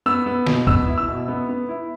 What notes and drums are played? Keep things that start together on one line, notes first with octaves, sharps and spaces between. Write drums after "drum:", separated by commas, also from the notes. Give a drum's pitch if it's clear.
B3 E6
B3
B2, drum: snare
B3 E6, drum: kick
E4
E6
B2
B3
B3
E4